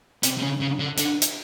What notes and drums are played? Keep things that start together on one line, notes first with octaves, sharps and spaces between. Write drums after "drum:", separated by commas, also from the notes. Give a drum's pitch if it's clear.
C3, drum: hi-hat
C3
C#3
C#3
D3
D3, drum: hi-hat
drum: hi-hat